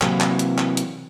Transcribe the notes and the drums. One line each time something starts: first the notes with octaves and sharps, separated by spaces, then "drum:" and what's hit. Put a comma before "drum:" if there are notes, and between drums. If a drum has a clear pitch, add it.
C3 E3 F#3 A#3 C4, drum: clap
drum: clap
drum: hi-hat
drum: clap
drum: hi-hat